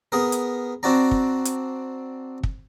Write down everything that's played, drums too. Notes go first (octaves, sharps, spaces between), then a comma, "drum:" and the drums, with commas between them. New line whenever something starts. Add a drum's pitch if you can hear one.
B3 G#4 A#4
drum: hi-hat
C4 D4 F#4 D5 A#5
drum: kick
drum: hi-hat
drum: kick